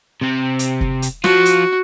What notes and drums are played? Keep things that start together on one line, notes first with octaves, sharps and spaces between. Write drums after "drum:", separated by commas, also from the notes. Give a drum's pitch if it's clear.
C3 C4
drum: hi-hat
drum: kick
drum: hi-hat
F3 F4 F#4, drum: snare
drum: hi-hat